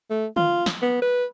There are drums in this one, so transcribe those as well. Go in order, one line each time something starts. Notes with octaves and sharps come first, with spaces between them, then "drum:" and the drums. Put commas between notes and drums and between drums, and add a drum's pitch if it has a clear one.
A3
F4, drum: tom D3
drum: snare
B3
B4